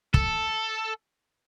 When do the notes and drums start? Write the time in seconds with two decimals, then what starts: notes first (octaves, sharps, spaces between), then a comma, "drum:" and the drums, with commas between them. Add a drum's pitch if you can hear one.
0.14 A4, drum: kick